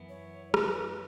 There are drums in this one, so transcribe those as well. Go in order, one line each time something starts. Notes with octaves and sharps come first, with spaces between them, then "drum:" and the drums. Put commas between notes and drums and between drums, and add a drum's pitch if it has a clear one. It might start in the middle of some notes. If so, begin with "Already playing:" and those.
Already playing: F#2 E3 B3 E4
C#5
B4, drum: rim click